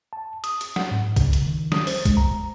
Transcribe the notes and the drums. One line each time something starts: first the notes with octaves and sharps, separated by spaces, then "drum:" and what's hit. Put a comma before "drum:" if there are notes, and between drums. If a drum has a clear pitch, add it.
A5
D#6, drum: hi-hat
drum: hi-hat
F#5, drum: snare
G#2
C#3, drum: kick, hi-hat
drum: hi-hat
D#3
D#6, drum: snare
C5, drum: open hi-hat
G#3, drum: kick, hi-hat
A#5